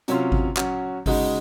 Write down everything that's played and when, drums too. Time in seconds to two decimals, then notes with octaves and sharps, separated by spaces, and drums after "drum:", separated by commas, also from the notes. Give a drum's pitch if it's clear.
0.08 C3 F#3 C#4 F4, drum: hi-hat
0.32 drum: kick G#1
0.57 F#3 C#4 F#4, drum: clap
1.06 C#3 G#3 D#4 F#4, drum: kick G#1, open hi-hat